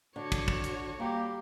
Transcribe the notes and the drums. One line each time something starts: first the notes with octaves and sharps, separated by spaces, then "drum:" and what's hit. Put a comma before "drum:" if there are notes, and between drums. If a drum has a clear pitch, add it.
D3 F#4 C#5 D6
drum: kick, hi-hat
drum: kick
drum: hi-hat
G3 A#3 G4